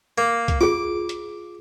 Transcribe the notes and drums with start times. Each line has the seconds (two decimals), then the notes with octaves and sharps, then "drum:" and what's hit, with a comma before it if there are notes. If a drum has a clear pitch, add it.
0.18 A#3
0.48 drum: kick C2, hi-hat
0.61 F4 G#4 D6
1.09 drum: hi-hat